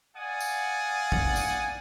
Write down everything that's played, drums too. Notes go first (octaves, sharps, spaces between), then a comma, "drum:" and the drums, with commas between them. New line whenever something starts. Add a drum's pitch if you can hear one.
D5 F5 F#5 G#5 D#6
drum: tambourine
drum: kick
drum: tambourine